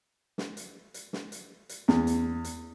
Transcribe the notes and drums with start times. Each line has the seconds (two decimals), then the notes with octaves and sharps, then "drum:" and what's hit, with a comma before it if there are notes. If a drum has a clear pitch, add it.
0.38 drum: snare
0.57 drum: hi-hat
0.94 drum: hi-hat
1.13 drum: snare
1.32 drum: hi-hat
1.69 drum: hi-hat
1.88 E2, drum: snare
2.07 drum: hi-hat
2.44 drum: hi-hat